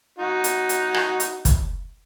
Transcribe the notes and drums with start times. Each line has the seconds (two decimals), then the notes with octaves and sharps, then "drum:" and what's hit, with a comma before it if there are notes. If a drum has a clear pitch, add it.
0.19 D#4 F#4
0.44 drum: hi-hat
0.69 drum: hi-hat
0.94 drum: rim click
1.20 drum: hi-hat
1.45 drum: kick, hi-hat